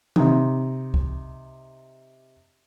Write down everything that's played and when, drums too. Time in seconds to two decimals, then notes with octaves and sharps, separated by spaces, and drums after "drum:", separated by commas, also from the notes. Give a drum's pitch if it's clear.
0.16 C3 D#4, drum: tom D#3
0.94 drum: kick C2